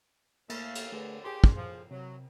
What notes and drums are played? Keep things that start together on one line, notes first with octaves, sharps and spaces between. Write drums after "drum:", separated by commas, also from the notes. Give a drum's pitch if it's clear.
A2 A3 A#3 F5, drum: cymbal
drum: cymbal
D3 A3 G#4 B4
G4 G#4 C6
drum: kick
F3
C3 F#3